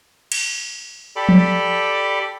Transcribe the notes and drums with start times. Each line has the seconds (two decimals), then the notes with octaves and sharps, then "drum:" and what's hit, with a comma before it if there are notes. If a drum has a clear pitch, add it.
0.32 drum: cymbal
1.16 G4 A4 D5 B5
1.29 drum: tom F3